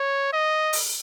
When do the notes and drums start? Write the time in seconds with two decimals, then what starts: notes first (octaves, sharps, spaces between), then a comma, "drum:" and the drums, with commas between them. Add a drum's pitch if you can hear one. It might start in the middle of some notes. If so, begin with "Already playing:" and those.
Already playing: C#5
0.33 D#5
0.73 drum: open hi-hat